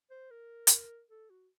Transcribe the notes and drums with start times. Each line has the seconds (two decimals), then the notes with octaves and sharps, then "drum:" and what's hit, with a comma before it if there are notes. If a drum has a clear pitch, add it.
0.10 C5
0.31 A#4
0.67 drum: hi-hat
1.10 A4
1.30 F#4